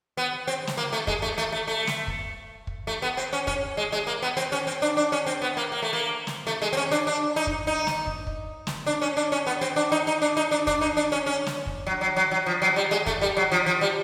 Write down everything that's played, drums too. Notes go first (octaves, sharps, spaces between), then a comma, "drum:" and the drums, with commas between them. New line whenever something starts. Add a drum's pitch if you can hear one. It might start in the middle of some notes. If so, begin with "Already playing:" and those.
B3
C4
drum: snare
A#3
A3
G#3, drum: kick
A3
A3
A3
A3
drum: snare
drum: kick
drum: kick
A3
B3
C4
C#4
C#4, drum: kick
G#3
G#3
A#3
B3
C4
C#4
C4
D4
D4
C#4
C4
B3
A#3
A#3
A3
A#3
drum: snare
A3
G#3
C4
C#4
D4
D4
D#4
drum: kick
D#4
drum: snare
drum: kick
drum: kick
drum: snare
D4
C#4
D4
C#4
B3
C4
D4
D#4
D#4
D4
D#4
D4
D4, drum: kick
D#4
D4
C#4
C#4
drum: snare
drum: kick
F#3
F#3
F#3
F#3
F3
F#3
G3
G#3
A3, drum: kick
G3
F#3
F3
F3
G3